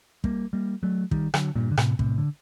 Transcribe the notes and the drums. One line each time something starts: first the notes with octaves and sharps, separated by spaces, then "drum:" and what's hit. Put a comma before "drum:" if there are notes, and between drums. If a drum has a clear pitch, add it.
G3 A#3, drum: kick
G3 A#3
F#3 A3
D#3 G3, drum: kick
D3 F#3, drum: rim click
G2 A#2
D3
A2 C3, drum: rim click
A2 C3, drum: kick
D3